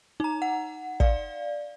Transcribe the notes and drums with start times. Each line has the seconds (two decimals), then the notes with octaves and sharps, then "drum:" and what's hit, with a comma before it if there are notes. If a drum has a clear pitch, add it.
0.20 D#4 A#5
0.42 F#5
1.00 D5 F5, drum: kick